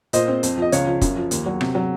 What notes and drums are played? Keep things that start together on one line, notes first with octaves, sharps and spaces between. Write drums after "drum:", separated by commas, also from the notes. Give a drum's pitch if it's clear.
A#2 C5 D#5, drum: hi-hat
C4
F2, drum: hi-hat
F3 D#5
C#2 C#5 F5, drum: hi-hat
F3
F#2, drum: kick, hi-hat
F3
D#2, drum: hi-hat
F#3
C3, drum: rim click
F#3